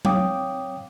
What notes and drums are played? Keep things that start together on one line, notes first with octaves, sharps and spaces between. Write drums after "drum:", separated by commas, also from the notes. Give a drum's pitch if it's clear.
C4 C#5 F5 G5 D6 D#6, drum: tom F#3